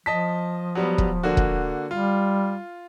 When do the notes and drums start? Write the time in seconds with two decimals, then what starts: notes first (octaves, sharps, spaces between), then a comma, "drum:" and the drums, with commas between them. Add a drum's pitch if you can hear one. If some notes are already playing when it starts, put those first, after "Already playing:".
0.06 F3 D#5 A5 B6
0.75 F#3 G3 B3
0.98 drum: kick
1.23 D3 A#3 F#4
1.37 drum: kick
1.91 G3 F4